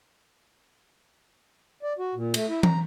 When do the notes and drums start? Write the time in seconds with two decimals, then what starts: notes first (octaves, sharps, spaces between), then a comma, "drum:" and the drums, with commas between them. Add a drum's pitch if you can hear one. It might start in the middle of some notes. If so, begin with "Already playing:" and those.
1.83 D5
1.99 F#4
2.15 A#2
2.34 A3, drum: cymbal
2.49 E4
2.63 A#5, drum: tom E3